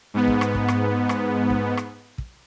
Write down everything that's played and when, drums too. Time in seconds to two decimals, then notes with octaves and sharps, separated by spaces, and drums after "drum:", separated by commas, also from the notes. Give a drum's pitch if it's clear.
0.14 G#2 B3
0.28 drum: kick
0.41 drum: rim click
0.55 drum: kick
0.68 drum: rim click
1.09 drum: rim click
1.50 drum: kick
1.77 drum: rim click
2.18 drum: kick